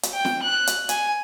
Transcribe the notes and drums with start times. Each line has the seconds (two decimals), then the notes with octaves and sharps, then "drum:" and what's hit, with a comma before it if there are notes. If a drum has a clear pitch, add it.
0.03 drum: hi-hat
0.13 G5
0.25 drum: snare
0.42 F#6
0.67 drum: hi-hat
0.89 G#5, drum: hi-hat